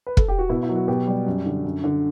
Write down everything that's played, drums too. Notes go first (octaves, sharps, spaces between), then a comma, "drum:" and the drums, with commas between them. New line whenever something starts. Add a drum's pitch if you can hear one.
B4
A4, drum: kick
G4
F#4
B2 E4
E4
F#3
F#4
B2 G4
G3
F#2
D3
F#2
D3